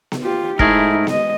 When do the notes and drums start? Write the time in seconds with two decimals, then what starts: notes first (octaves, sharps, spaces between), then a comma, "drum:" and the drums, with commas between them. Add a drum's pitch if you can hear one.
0.12 drum: snare B3
0.23 F4 G4
0.59 G#2 A3 E4 G#4 A#4, drum: kick
1.07 G#3 D#5, drum: snare B3